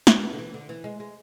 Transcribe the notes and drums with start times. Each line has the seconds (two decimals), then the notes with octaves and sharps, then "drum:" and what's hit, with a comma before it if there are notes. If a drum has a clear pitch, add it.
0.07 drum: snare
0.23 B3
0.33 D3
0.39 E3
0.54 D3
0.69 E3
0.84 G#3
1.00 G#3